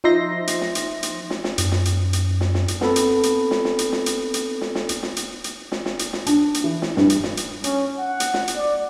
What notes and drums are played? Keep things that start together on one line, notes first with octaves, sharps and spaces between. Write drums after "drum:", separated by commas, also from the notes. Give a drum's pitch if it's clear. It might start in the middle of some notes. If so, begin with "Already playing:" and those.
F3 D#4 C5 E5 C6 A#6
drum: hi-hat
drum: snare
drum: hi-hat
drum: hi-hat
drum: snare
drum: snare
F#2, drum: hi-hat
drum: snare
drum: hi-hat
drum: hi-hat
drum: snare
drum: snare
drum: hi-hat
B3 C4 A4 B5, drum: snare
drum: hi-hat
drum: hi-hat
drum: snare
drum: snare
drum: hi-hat
drum: snare
drum: hi-hat
drum: hi-hat
drum: snare
drum: snare
drum: hi-hat
drum: snare
drum: hi-hat
drum: hi-hat
drum: snare
drum: snare
drum: hi-hat
drum: snare
D4, drum: hi-hat
drum: hi-hat
E3
drum: snare
G2, drum: snare
drum: hi-hat
drum: snare
drum: hi-hat
C#4, drum: hi-hat
F#5
drum: hi-hat
drum: snare
drum: hi-hat
D5